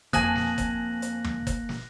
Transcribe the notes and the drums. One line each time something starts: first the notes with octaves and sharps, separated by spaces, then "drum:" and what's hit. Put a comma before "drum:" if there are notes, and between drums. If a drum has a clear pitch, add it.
F2 A#3 G#5 A5 D#6 F#6 A#6 F#7, drum: kick, hi-hat
drum: snare
drum: kick, hi-hat
drum: hi-hat
drum: tom
drum: kick, hi-hat
drum: snare